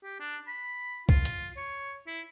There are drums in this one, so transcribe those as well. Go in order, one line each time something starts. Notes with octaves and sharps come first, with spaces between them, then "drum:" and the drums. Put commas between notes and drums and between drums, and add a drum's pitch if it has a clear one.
G4
D4
B5
F4, drum: kick B1
drum: hi-hat
C#5
E4